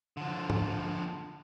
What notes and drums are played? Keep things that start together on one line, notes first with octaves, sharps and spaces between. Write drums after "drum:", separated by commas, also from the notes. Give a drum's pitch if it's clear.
D3 F3
drum: tom G#2